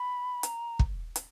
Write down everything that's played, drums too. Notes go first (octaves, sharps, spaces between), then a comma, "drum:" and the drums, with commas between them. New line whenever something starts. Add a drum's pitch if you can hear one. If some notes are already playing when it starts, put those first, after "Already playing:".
Already playing: B5
A#5, drum: hi-hat
drum: kick
drum: hi-hat